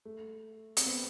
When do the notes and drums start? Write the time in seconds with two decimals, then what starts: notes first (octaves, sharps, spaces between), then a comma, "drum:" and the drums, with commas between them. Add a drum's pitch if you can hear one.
0.05 A3
0.77 C4, drum: hi-hat
0.86 B3